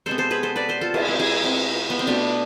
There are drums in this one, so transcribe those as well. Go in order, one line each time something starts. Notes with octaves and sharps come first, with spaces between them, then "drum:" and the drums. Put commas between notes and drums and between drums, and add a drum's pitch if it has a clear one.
C3 G#3 B3 A4 C5
A4 C5
G#4 B4
A4 C5
B4 D5
A4 C5
F4 A4
E4 G#4, drum: cymbal
C3 G#3 B3
E4 G#4
C4
B3
C4
B2 A3 B3 D4